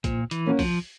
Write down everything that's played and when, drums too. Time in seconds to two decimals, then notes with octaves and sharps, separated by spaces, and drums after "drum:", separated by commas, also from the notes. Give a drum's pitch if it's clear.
0.04 A#2 F3, drum: kick, hi-hat
0.31 E3, drum: hi-hat
0.46 A#3 C#4 F#4 A#4
0.59 F3, drum: kick, open hi-hat